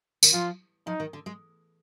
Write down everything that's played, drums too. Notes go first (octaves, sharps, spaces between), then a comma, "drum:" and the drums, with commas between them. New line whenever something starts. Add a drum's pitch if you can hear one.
D#3, drum: tambourine
F3 F4
F3 D#4
D#3
D3
G#3